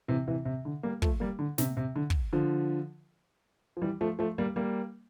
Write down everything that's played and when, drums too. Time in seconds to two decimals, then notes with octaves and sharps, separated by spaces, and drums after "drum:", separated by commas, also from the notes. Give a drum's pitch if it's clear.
0.08 C3 E3
0.28 C3 E3
0.45 C3
0.65 D3
0.83 G3 A#3
1.02 F3 A3, drum: kick
1.20 G3 A#3
1.39 D3
1.58 C3, drum: snare
1.77 C3
1.96 D3
2.10 drum: kick
2.33 D3 F3
3.77 F3
3.82 E3 G3
4.01 F3 A3
4.19 F3 A3
4.38 G3 A#3
4.56 G3 A#3